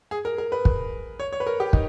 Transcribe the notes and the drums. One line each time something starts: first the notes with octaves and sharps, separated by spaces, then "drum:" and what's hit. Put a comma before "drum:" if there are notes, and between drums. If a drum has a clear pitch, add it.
G#4
A#4
A#4
B4
drum: kick
C#5
C#5
B4
A#4
G4
D#4, drum: kick